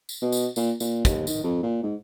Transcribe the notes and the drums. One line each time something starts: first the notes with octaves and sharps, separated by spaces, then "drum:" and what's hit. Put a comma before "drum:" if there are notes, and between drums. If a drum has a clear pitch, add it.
drum: tambourine
B2
drum: tambourine
A#2, drum: tambourine
A#2, drum: tambourine
D#2, drum: kick, tambourine
D#3, drum: tambourine
F2
A#2
G#2